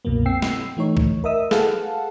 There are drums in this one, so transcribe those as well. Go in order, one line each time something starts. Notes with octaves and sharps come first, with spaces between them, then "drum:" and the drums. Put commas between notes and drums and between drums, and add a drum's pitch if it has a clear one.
C2 F#2 B2 F#3 A#3
C4 G5 E6 C7
drum: snare
E3 A3 D#4 C#5
drum: kick
A#4 D#5 E5 D#6 E6
G#4 A4 B4 F5 F#5 A5, drum: snare